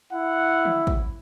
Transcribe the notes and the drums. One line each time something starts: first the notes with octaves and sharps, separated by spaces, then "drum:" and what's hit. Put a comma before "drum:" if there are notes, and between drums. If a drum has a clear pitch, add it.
E4 F#5
drum: tom
drum: kick